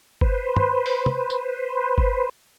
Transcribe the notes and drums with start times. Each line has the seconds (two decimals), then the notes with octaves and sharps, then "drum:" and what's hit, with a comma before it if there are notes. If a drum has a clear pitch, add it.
0.21 B4 C5, drum: kick G1
0.56 drum: tom
0.86 drum: open hi-hat
1.06 drum: tom
1.30 drum: tambourine
1.98 drum: kick G1